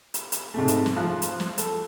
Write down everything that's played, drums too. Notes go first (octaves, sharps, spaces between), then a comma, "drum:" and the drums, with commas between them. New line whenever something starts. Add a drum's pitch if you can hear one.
drum: hi-hat
drum: hi-hat
G#2 C3 A3
drum: hi-hat
drum: snare
F3 F5 F#6
drum: hi-hat
drum: snare
A4, drum: hi-hat